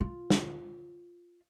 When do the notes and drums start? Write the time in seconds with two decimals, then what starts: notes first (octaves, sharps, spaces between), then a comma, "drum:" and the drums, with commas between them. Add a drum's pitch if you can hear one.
0.01 F4
0.30 drum: snare